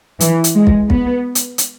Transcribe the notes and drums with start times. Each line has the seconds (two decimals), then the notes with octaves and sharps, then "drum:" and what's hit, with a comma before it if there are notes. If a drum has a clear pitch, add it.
0.20 E3, drum: hi-hat
0.44 drum: hi-hat
0.55 G#3
0.67 drum: kick
0.90 B3, drum: kick
1.35 drum: hi-hat
1.58 drum: hi-hat